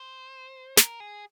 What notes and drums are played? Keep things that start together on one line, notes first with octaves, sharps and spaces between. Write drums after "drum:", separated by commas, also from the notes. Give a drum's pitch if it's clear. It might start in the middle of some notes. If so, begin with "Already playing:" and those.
Already playing: C5
A#4, drum: snare
G#4